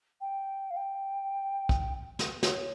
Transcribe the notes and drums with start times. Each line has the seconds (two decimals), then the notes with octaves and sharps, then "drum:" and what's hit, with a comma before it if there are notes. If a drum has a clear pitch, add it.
0.21 G5
0.70 F5
0.77 G5
1.69 drum: kick
2.19 drum: snare
2.43 C#5, drum: snare